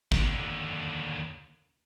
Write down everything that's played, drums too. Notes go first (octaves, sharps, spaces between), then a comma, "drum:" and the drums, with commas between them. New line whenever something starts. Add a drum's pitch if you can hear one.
D#2 D3, drum: kick